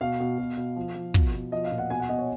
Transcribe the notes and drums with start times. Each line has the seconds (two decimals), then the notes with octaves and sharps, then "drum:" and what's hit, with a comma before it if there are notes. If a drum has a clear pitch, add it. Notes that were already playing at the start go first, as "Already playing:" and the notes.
0.01 B2 F5
0.20 B2
0.39 B2
0.57 B2
0.76 F3
0.95 F3
1.14 B2, drum: kick
1.33 B2
1.52 F3 D#5
1.65 F5
1.71 A#2
1.78 F#5
1.90 B2 G#5
2.00 F#5
2.09 B2 D#5
2.19 C#5